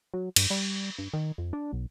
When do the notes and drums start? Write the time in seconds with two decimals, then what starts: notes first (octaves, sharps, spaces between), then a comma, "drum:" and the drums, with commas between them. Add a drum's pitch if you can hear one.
0.14 F#3
0.36 G2, drum: cymbal
0.50 G3
0.98 G2
1.13 D#3
1.38 F2
1.53 D4
1.73 B1